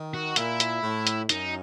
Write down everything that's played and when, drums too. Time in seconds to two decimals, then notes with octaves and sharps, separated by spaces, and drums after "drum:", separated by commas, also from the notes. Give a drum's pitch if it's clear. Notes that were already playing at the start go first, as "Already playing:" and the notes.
Already playing: D#3
0.14 F#4
0.36 A#2 E4, drum: hi-hat
0.60 drum: hi-hat
0.83 A2
1.07 drum: hi-hat
1.29 F#2 D#4, drum: hi-hat